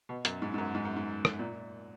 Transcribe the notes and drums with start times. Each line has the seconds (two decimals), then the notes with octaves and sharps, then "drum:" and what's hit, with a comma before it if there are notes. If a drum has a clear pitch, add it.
0.09 B2
0.25 F#2, drum: hi-hat
0.42 G#2
0.54 G#2
0.58 F#2
0.75 G#2
0.85 F#2
0.96 G#2
1.25 drum: rim click
1.39 A#2